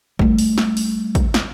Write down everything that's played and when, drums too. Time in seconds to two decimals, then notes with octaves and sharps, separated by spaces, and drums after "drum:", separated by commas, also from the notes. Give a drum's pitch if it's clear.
0.19 G3 A3, drum: kick
0.38 drum: open hi-hat
0.58 drum: snare
0.77 drum: open hi-hat
1.15 drum: kick, hi-hat
1.34 drum: snare